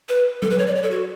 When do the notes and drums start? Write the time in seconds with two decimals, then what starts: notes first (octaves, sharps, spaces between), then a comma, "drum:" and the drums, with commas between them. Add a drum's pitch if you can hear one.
0.09 B4
0.42 A4, drum: tom F#3
0.50 B4
0.59 C#5
0.67 D5
0.75 C#5
0.83 A4
0.91 F#4